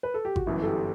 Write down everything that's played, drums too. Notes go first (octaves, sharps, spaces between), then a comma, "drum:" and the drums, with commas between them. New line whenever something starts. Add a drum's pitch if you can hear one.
B4
A4
G4
F#4, drum: kick G#1
G1 F#2 E3 E4
A4
G4